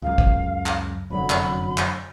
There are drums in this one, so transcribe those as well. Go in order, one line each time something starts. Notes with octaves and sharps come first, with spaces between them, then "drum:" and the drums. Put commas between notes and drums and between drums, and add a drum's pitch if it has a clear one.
C#2 F#2 F5
drum: kick
drum: clap
F1 F#2 D3 F#3 B5
drum: clap
drum: clap